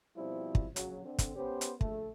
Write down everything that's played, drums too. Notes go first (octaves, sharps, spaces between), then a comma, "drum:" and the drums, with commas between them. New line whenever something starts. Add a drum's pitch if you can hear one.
B2 F3 G3 C4 E4
drum: kick
A#1 C#3 F#3, drum: hi-hat
D3 C4
drum: kick, hi-hat
B3 C#4 G4 C5
drum: hi-hat
A#1 A3, drum: kick